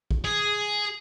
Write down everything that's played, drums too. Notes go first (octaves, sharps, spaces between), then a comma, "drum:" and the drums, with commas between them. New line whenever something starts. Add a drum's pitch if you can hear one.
drum: kick A#1
G#4